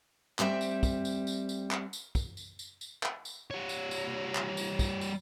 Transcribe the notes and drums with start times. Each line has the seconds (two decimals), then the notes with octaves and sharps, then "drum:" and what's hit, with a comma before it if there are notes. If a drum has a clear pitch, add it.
0.39 D2 G3 C4 E5, drum: clap
0.61 drum: tambourine
0.83 drum: kick, tambourine
1.05 drum: tambourine
1.27 drum: tambourine
1.49 drum: tambourine
1.71 drum: clap
1.93 drum: tambourine
2.15 drum: kick, tambourine
2.37 drum: tambourine
2.59 drum: tambourine
2.81 drum: tambourine
3.03 drum: clap
3.25 drum: tambourine
3.51 G3 C#5
3.69 drum: tambourine
3.91 drum: tambourine
4.35 drum: clap
4.57 drum: tambourine
4.79 drum: kick, tambourine
5.01 drum: tambourine